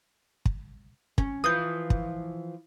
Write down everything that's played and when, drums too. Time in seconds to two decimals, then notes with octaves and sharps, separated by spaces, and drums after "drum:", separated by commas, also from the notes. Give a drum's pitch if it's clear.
0.45 drum: kick
1.18 C#4, drum: kick
1.44 E3 F3 D#6 G6
1.90 drum: kick